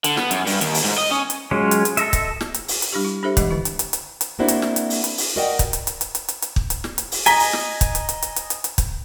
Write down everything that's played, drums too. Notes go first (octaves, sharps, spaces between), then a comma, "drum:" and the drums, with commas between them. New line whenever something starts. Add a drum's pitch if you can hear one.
D3, drum: hi-hat
B3, drum: snare
F#2, drum: hi-hat
G2, drum: open hi-hat
D#2, drum: hi-hat
drum: open hi-hat
G#2
D#5
C#4
drum: hi-hat
F#3 G#3 C#4 F4
drum: hi-hat
drum: hi-hat
A4 D#5 E5, drum: hi-hat
drum: kick, hi-hat
drum: snare
drum: hi-hat
drum: open hi-hat
drum: hi-hat
G3 D4 E4 G4
E4
D4 G4 A4 C5 E5
E3 G#3 G4 D#5, drum: kick, hi-hat
D3 E4
drum: hi-hat
drum: hi-hat
drum: hi-hat
drum: hi-hat
A#3 C4 D4 E4 F#4 C5
drum: hi-hat
drum: snare
drum: hi-hat
drum: open hi-hat
drum: hi-hat
drum: open hi-hat
F#4 A#4 D5 D#5 F#5 G5
drum: kick, hi-hat
drum: hi-hat
drum: hi-hat
drum: hi-hat
drum: hi-hat
drum: hi-hat
drum: hi-hat
drum: kick
drum: hi-hat
drum: snare
drum: hi-hat
drum: open hi-hat
D#5 G#5 A#5 B6 G7, drum: hi-hat
drum: open hi-hat
drum: snare
drum: kick, hi-hat
drum: hi-hat
drum: hi-hat
drum: hi-hat
drum: hi-hat
drum: hi-hat
drum: hi-hat
drum: kick, hi-hat